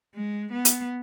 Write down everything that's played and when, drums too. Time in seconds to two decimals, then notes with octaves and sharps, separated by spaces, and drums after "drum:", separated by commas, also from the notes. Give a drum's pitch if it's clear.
0.15 G#3
0.52 B3
0.65 drum: hi-hat